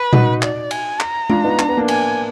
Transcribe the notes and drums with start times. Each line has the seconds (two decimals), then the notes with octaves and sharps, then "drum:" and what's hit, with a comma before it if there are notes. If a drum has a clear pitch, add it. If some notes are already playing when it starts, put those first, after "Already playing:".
Already playing: B4
0.13 D#4 F#4, drum: tom A#2
0.42 D5, drum: clap
0.71 G#5, drum: cymbal
1.00 A#5, drum: clap
1.30 D4 F4, drum: tom G#3
1.44 B3 D#4
1.59 D4, drum: clap
1.69 B3
1.77 A#3 D4
1.88 G#5, drum: cymbal